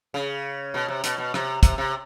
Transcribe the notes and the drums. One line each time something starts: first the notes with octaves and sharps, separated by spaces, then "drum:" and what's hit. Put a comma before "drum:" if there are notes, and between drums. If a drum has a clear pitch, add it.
C#3
B2
C3
B2, drum: hi-hat
B2
C3, drum: rim click
C3, drum: kick, hi-hat
C3